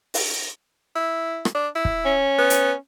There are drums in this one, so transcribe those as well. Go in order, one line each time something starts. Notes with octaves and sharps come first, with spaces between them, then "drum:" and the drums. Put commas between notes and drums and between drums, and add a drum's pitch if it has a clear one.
drum: open hi-hat
E4
drum: rim click
D4
E4
drum: kick
C#4
B3
drum: hi-hat